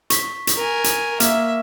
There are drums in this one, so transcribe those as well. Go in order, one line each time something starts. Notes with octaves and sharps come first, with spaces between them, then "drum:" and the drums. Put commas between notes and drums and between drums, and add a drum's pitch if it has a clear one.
C#6 B6, drum: hi-hat
drum: hi-hat
A#4 G#5
drum: hi-hat
A#3 E5 F6, drum: hi-hat